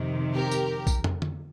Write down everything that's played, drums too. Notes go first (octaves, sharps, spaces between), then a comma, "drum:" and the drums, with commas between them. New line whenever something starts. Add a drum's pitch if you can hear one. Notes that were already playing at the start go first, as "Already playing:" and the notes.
Already playing: F2 C3 D#3
G4 A#4
drum: tambourine
drum: kick, tambourine
drum: tom
drum: tom D3